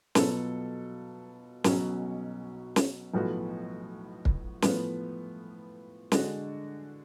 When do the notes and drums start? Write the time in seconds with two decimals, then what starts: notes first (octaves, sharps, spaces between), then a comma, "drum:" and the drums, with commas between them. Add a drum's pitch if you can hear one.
0.15 B2 F#3 B3 F4 A4, drum: snare
1.64 B1 B2 F#3 C#4, drum: snare
2.76 drum: snare
3.14 B1 A2 F3 B3 F#4
4.25 drum: kick
4.62 A2 F3 B3, drum: snare
6.12 D3 G#3 D4 F#4, drum: snare